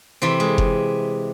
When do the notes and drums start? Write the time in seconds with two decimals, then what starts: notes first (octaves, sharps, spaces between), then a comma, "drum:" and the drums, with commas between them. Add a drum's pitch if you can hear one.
0.22 C3 E3 C4
0.40 G#3
0.58 drum: kick F#1